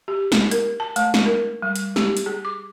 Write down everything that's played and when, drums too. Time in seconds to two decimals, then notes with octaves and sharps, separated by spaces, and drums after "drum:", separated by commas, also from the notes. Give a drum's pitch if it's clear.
0.08 G4
0.32 drum: snare
0.51 A#4, drum: hi-hat
0.80 A5
0.96 A3, drum: hi-hat
1.14 drum: snare
1.26 A#4
1.62 G3
1.76 drum: hi-hat
1.96 G4, drum: snare
2.17 drum: hi-hat
2.26 G#4
2.45 D6